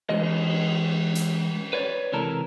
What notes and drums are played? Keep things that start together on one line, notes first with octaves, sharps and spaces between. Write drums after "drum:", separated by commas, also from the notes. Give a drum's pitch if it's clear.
E3 G#3 D#5, drum: cymbal
drum: hi-hat
B4 C#5 D5
C#2 C3 E3 A4 A#4